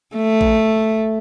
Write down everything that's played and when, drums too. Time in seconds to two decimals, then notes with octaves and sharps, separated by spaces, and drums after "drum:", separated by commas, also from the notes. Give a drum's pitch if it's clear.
0.16 A3
0.41 drum: kick A1